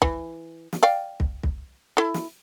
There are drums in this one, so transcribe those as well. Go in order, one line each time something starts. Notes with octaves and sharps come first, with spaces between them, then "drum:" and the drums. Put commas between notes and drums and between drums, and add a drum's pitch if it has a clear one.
E3, drum: kick
drum: snare
D5 F5 G5
drum: kick
drum: kick
E4 A4
drum: snare